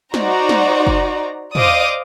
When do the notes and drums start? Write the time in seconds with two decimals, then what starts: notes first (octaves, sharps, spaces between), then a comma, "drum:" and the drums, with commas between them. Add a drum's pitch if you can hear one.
0.14 D#4 F#4 C5 D5 A#5, drum: snare
0.49 drum: snare
0.87 drum: kick F#1
1.55 C5 D5 D#5 F5 D6 D#6, drum: tom